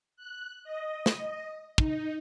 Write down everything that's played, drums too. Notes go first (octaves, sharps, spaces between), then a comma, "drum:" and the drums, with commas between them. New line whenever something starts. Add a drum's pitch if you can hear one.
F#6
D#5
drum: snare
D#4, drum: kick